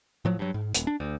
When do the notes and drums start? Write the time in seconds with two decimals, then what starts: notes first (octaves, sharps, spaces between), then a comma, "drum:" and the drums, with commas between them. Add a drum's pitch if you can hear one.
0.25 A2 F3 F#3
0.39 G2 F#3
0.54 G#2
0.75 D#1, drum: hi-hat
0.87 D4
1.00 D2